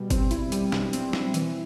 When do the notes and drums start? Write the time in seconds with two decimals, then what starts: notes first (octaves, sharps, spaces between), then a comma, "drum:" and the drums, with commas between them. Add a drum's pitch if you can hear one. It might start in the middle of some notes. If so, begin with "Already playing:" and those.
Already playing: B2 G3
0.10 C4, drum: kick G1, hi-hat
0.31 E4, drum: hi-hat
0.52 G3, drum: hi-hat
0.72 B2, drum: snare
0.93 C4, drum: hi-hat
1.13 E4, drum: snare
1.34 E3, drum: hi-hat